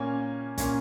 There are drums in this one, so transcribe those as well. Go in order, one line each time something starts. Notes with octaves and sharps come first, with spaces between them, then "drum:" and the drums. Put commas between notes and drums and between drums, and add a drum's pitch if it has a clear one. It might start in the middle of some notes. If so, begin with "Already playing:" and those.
Already playing: A#2 A#3 C#4 G#5
A#2 A#3 C#4, drum: kick, hi-hat